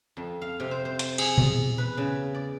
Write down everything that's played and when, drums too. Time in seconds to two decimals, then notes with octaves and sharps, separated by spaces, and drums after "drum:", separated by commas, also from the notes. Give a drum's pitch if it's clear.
0.17 F2
0.42 F5
0.60 C3
0.71 C5
0.85 C5
0.99 drum: hi-hat
1.18 G#4, drum: cymbal
1.38 E2, drum: tom A#2
1.78 B4
1.97 C#3
2.35 D5